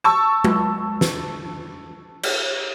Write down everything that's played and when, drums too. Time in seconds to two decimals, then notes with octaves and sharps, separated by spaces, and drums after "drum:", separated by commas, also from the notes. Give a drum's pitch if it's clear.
0.04 A5 C#6 E6
0.44 drum: tom G#3
1.01 drum: snare
2.23 drum: cymbal